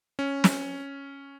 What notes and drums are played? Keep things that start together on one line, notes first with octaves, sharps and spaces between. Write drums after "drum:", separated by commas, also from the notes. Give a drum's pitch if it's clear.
C#4
drum: snare